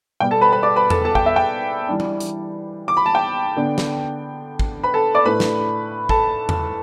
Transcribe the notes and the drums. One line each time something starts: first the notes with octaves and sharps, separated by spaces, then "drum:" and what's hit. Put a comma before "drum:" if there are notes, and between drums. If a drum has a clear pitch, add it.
B2 G3 B3 G5
A4 A5
B4 B5
B4 B5
D5 D6
B4 B5
A4 A5, drum: tom E2
A4 A5
G5, drum: kick
E5
G5
E3 G3 D4
drum: tom E3
drum: hi-hat
D6
B5
A5
G5
D3 B3 D4
drum: snare
drum: kick
B4 B5
A4 A5
D5 D6
A2 A3 D4 B4 B5
drum: snare
A4 A5, drum: kick
drum: tom E2